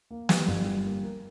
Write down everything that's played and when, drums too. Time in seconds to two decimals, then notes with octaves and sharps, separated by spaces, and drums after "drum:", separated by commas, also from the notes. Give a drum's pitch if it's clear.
0.11 A#3
0.29 G3, drum: snare
0.48 G1
0.66 G3
0.85 A#3
1.03 A#4